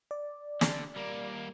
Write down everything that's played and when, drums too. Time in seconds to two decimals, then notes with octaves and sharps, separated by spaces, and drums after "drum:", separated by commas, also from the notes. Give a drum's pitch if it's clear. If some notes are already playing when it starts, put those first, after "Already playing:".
0.11 D5
0.61 D3, drum: snare
0.96 G3 A#3